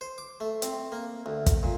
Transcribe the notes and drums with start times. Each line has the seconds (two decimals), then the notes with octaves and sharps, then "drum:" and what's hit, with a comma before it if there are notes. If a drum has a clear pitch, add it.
0.01 C5
0.18 D6
0.40 A3
0.62 C4, drum: hi-hat
0.92 A#3
1.26 D2
1.46 drum: kick, hi-hat
1.63 A#2